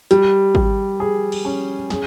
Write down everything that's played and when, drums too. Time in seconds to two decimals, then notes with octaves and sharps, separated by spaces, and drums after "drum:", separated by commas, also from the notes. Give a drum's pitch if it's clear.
0.11 G3, drum: hi-hat
0.55 G3, drum: kick G#1
1.00 G#4
1.32 drum: cymbal
1.45 C#4
1.90 G#4, drum: snare